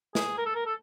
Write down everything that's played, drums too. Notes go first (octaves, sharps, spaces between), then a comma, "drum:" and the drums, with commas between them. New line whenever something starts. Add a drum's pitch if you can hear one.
G#4, drum: snare
A#4
A4
A#4
A4